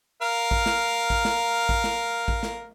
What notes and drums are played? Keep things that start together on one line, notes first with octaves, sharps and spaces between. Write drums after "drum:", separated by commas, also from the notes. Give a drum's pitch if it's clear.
A#4 F5
drum: kick A1
drum: snare
drum: kick A1
drum: snare
drum: kick A1
drum: snare
drum: kick A1
drum: snare